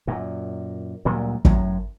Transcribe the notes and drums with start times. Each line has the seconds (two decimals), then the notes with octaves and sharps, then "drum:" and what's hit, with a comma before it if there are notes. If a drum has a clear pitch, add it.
0.07 F#2 A#2
1.05 D2 A#2 F#3 G3
1.45 F#2 A2 F#3, drum: kick